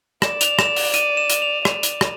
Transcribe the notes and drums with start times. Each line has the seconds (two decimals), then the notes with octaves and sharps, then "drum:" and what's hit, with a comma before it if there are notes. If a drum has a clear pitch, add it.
0.22 D5 E7, drum: rim click
0.41 F7, drum: hi-hat
0.59 E7, drum: rim click
0.76 E7, drum: open hi-hat
0.94 D#7, drum: hi-hat
1.17 E7
1.30 drum: hi-hat
1.42 F7
1.65 D5, drum: rim click
1.83 drum: hi-hat
2.01 drum: rim click